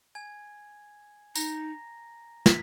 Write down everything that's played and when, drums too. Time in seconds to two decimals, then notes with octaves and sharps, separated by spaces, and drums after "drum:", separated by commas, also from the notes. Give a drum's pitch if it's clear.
0.15 G#5 G#6
1.35 D#4 A#5 A#6, drum: tambourine
2.46 B6, drum: snare